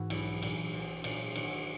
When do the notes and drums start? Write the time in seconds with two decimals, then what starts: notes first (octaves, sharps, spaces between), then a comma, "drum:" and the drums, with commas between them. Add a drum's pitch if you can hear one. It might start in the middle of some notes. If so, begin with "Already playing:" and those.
Already playing: G#2 E3 F#4
0.10 B1 E4, drum: cymbal
0.43 A#2, drum: cymbal
0.73 B1
1.04 A#2, drum: cymbal
1.36 G#1 F#4, drum: cymbal